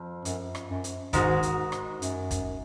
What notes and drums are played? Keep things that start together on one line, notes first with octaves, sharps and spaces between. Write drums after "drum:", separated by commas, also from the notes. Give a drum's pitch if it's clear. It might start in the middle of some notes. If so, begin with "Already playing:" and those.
Already playing: F2 F3
F#2, drum: hi-hat
drum: rim click
F#2
drum: hi-hat
G#2 D#3 G#3 D#4 F#4, drum: kick, hi-hat
drum: hi-hat
drum: rim click
F#2, drum: hi-hat
drum: kick, hi-hat